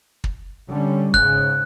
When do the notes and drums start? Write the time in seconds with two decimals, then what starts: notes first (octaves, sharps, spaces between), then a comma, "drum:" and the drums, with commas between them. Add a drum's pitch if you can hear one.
0.24 drum: kick
0.68 D3 G3 C#4
1.14 G#2 C#3 F#6, drum: kick